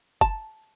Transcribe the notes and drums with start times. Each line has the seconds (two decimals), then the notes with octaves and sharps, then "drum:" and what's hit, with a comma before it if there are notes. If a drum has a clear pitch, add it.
0.21 A5, drum: kick F#1